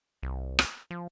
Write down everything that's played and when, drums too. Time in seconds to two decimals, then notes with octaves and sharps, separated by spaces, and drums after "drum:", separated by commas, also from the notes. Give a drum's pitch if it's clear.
0.23 C2
0.59 drum: rim click
0.91 F3